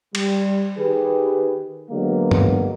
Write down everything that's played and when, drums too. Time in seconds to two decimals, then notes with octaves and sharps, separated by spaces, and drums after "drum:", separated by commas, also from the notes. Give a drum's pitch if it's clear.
0.15 G3, drum: cymbal
0.79 D#3 G4 G#4 B4
1.91 D3 F#3 G#3 A#3 B3
2.31 drum: tom G2